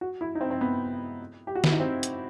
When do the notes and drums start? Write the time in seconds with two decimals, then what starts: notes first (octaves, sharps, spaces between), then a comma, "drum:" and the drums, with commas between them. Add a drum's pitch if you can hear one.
0.01 F#4
0.21 E4
0.35 D#4
0.41 C4
0.51 C4
0.61 B3
1.47 G4
1.55 F#4
1.64 E4, drum: snare
1.72 D#4
1.80 C4
2.03 drum: hi-hat